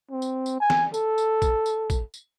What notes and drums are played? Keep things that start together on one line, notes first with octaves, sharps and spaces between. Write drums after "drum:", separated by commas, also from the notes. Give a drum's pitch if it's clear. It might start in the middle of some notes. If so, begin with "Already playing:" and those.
C4
drum: tambourine
drum: tambourine
G#5
drum: snare
A4, drum: tambourine
drum: tambourine
drum: kick, tambourine
drum: tambourine
drum: kick, tambourine
drum: tambourine